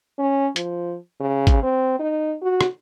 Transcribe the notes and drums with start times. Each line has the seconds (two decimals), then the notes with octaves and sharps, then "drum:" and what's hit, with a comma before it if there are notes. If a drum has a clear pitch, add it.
0.19 C#4
0.56 F3, drum: hi-hat
1.20 C#3
1.47 drum: kick G#1, hi-hat
1.63 C4
2.00 D#4
2.42 F#4
2.61 drum: rim click